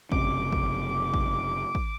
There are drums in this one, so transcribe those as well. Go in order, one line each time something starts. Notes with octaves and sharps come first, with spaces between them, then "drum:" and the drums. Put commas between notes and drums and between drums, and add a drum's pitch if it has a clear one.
F#1 C3 C#4 D6, drum: kick
drum: kick
drum: kick
drum: kick